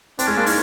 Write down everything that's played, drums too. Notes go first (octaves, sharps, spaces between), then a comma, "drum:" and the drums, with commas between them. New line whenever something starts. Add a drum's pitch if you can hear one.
C4 D4, drum: hi-hat
G#3 C#4
A#3 D4
C#4 D#4, drum: open hi-hat